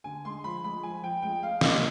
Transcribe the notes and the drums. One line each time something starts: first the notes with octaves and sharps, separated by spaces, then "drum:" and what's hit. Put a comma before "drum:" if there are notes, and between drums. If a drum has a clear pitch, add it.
D3 G#5
G#3 C6
F3 B5
G#3 B5
F3 G#5
F3 G5
G#3 G5
G#3 F5
F3 D#5, drum: snare